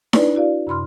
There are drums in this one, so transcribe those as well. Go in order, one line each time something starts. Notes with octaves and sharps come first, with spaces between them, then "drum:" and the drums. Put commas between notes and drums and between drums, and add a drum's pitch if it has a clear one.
D4 E4 B4 C#5 D5, drum: snare D#4
E4 F#4 D5 F5
F#2 C3 B5 C6 F6